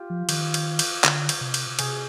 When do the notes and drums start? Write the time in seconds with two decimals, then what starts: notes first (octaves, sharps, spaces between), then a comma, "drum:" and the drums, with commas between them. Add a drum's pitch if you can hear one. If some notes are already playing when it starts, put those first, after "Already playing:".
Already playing: F4 G4
0.10 F3
0.29 D#3, drum: cymbal
0.54 drum: cymbal
0.79 drum: cymbal
1.04 D3, drum: clap
1.29 drum: cymbal
1.41 C3
1.54 drum: cymbal
1.79 C3 G#4, drum: cymbal